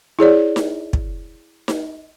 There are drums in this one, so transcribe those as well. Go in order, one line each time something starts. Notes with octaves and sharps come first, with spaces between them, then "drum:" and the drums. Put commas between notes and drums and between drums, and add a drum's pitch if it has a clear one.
E4 G#4 C#5 D5
drum: snare D#4
drum: kick
drum: snare D#4